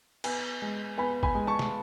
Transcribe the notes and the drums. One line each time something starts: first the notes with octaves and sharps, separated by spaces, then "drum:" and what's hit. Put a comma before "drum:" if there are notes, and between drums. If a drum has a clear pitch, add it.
B3 G#5, drum: cymbal
G#3
B3 G#5 B5
G#5 B5, drum: kick
G#3
A5 C#6
drum: snare